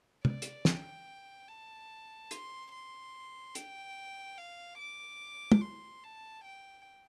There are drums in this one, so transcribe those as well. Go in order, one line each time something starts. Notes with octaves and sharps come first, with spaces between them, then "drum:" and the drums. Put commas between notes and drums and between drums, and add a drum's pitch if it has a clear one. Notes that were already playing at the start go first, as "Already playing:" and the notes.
D5, drum: tom
drum: hi-hat
G5, drum: snare
A5
C6, drum: hi-hat
C6
G5, drum: hi-hat
F5
D6
drum: tom
C6
A5
G5